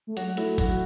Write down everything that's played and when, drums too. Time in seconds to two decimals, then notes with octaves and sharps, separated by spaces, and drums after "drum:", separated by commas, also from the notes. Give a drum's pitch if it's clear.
0.07 A3
0.17 F#3 F#4, drum: hi-hat
0.37 A3 E4, drum: hi-hat
0.58 F#3 F#4, drum: kick G1, hi-hat